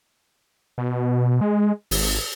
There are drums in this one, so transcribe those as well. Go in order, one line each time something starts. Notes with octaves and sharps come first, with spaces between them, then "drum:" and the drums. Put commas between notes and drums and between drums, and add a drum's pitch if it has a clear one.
B2
G#3
G#1, drum: open hi-hat